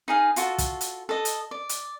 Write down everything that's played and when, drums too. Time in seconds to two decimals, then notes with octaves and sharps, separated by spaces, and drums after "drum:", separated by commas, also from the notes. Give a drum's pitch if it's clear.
0.08 D#4 G#4 F5
0.36 F4 F#4 A4, drum: hi-hat
0.58 drum: kick, hi-hat
0.81 drum: hi-hat
1.09 A4 D#5
1.25 drum: hi-hat
1.51 D5
1.69 drum: hi-hat